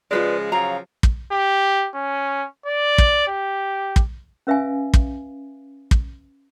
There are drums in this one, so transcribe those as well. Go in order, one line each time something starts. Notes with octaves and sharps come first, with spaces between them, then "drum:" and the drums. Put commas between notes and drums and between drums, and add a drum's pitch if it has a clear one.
C#3 F3 G#3 F4 B4 D5
C#3 F3 F#3 F5 A#5
drum: kick
G4
C#4
D5
drum: kick
G4
drum: kick
C#4 B4 E5 F5 G#5
drum: kick
drum: kick